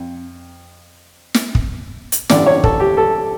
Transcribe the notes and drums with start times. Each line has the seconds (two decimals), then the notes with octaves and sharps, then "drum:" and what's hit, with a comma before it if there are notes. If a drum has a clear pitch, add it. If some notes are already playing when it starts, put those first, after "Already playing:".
Already playing: F2
1.34 drum: snare
1.55 drum: kick
2.12 drum: hi-hat
2.29 A1 G2 D3 D5, drum: snare
2.46 C#5
2.64 A4, drum: kick
2.80 G4
2.97 A4